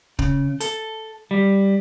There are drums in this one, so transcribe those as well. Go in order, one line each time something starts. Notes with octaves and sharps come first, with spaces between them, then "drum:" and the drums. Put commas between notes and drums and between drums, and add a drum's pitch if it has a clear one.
C#3, drum: kick
A4, drum: hi-hat
G3